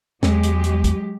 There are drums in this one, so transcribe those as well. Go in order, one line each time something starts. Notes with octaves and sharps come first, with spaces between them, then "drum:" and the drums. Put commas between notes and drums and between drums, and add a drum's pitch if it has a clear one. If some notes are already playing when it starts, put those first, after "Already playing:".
E2 F#3 G#3 G4, drum: snare
drum: hi-hat
drum: hi-hat
drum: kick, hi-hat